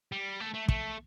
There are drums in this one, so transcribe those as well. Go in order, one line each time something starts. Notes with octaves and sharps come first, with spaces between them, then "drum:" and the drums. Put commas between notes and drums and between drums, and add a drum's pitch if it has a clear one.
G3
A3
A3
A3, drum: kick